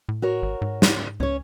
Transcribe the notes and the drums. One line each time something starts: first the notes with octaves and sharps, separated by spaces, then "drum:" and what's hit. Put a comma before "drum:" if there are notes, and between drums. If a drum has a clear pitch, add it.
A2
F#4 A#4 C#5
G#1
G#2
drum: snare
C#2 C#4 C#5